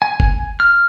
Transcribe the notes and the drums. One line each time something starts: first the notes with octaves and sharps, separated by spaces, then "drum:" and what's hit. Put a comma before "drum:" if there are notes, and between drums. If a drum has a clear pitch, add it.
G#5
drum: kick G1
F6